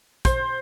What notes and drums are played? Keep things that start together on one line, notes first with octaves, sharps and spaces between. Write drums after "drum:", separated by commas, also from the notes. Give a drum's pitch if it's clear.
C5, drum: kick, hi-hat